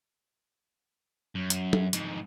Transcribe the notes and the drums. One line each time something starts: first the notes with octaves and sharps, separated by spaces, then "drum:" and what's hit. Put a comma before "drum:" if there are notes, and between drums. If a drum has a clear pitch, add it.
F#2
drum: hi-hat
drum: tom F#3
F2 G#2, drum: hi-hat